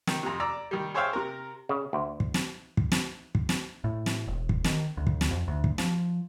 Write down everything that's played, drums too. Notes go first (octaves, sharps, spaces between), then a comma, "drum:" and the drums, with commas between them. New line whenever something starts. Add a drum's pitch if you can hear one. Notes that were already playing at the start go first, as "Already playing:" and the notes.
D#3, drum: snare
F2 C3
D5 A#5 E6
D#3 G3
G#4 C5 C#5 E5 F5 G5
C3 A#4
C#3
D2
drum: kick
drum: snare
drum: kick
drum: snare
drum: kick
drum: snare
A2
drum: snare
E1
drum: kick
D#3, drum: snare
D2
drum: kick
drum: snare
F2
D2
drum: kick
F3, drum: snare